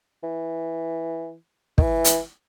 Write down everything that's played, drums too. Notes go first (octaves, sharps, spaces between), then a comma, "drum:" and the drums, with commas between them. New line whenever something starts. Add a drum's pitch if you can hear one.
E3
D#3, drum: kick
E3
drum: hi-hat